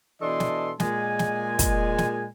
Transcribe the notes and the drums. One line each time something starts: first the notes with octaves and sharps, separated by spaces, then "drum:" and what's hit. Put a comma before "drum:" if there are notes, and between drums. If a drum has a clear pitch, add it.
B2 E3 D4 A4 D#5 C6
drum: snare
A#2 G#3 G#5, drum: snare
drum: snare
drum: kick, hi-hat
drum: snare